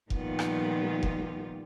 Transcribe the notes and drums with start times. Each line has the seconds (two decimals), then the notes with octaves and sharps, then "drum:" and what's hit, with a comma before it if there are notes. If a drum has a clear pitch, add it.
0.10 A#2 D#3 F3 G3 B3 F4, drum: kick F1
0.39 drum: rim click
1.03 drum: kick F1